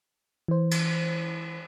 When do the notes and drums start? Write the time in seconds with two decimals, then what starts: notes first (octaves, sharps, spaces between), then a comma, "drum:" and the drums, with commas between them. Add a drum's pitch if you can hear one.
0.48 E3 C5
0.71 drum: cymbal